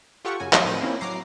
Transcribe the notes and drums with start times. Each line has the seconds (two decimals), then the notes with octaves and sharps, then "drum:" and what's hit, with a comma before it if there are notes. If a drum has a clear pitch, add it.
0.25 F4 G4 A4 F#5 C#6
0.40 F#2 C#3 F#4 G#5
0.53 F3 F#3 E4 C#5, drum: clap
0.65 A2 D#3 F3 C4 D#7
0.81 A#3 C4 C#4 E4
1.01 F#3 A#5 D6 C7